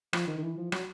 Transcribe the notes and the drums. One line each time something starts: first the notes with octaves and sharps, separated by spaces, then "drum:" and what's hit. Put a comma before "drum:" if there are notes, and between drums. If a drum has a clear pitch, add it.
F3, drum: rim click
D#3
D#3
E3
F3
F#3, drum: rim click